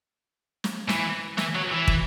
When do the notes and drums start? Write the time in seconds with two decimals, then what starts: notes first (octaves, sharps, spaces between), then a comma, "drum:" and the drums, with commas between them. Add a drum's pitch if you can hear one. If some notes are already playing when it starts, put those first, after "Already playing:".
0.64 drum: snare
0.89 E3, drum: snare
1.38 E3, drum: snare
1.55 F#3
1.72 E3
1.88 drum: kick